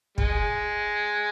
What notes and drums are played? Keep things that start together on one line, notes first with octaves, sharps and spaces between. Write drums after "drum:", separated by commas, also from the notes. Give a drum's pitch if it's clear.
G#3, drum: kick